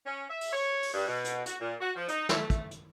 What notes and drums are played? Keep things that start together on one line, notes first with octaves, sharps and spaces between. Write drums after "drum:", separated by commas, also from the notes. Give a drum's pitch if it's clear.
C#4
E5
drum: open hi-hat
C#5
drum: open hi-hat
G2
B2
drum: hi-hat
F#4, drum: hi-hat
A#2
F#4
F3
D#4, drum: hi-hat
A3, drum: snare
drum: kick, hi-hat
drum: hi-hat